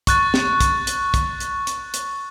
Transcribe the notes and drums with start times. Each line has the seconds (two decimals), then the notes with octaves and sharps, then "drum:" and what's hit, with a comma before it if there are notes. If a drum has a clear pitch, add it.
0.07 C#6 F#6 A6, drum: kick, hi-hat
0.34 drum: snare
0.60 drum: kick, hi-hat
0.87 drum: hi-hat
1.14 drum: kick, hi-hat
1.40 drum: hi-hat
1.67 drum: hi-hat
1.94 drum: hi-hat